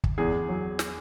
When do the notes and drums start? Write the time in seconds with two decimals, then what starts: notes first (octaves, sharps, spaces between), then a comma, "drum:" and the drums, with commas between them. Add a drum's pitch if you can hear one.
0.04 drum: kick
0.18 E2 G#4
0.33 E2
0.49 F#3
0.79 drum: snare